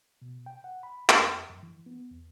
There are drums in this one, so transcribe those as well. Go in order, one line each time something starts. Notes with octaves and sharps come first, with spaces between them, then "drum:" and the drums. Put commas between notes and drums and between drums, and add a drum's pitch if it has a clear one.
B2
G5
F#5
B5
F2, drum: clap
F#2
E3
B3
E2